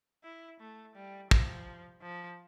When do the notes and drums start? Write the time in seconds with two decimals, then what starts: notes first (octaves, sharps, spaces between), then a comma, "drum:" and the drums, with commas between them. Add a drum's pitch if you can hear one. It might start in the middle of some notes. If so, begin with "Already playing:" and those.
0.24 E4
0.60 A3
0.95 G3
1.31 F3, drum: kick
2.02 F3